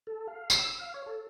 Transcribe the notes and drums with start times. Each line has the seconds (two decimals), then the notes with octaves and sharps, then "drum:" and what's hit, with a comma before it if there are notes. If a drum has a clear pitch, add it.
0.07 A4
0.27 F5
0.50 E6, drum: tambourine
0.79 F5
0.94 C#5
1.06 A4